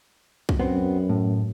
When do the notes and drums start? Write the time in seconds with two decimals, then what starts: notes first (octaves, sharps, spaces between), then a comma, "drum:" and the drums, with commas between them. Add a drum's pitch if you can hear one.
0.49 drum: kick B1
0.60 F#2 B3 C4
1.09 A2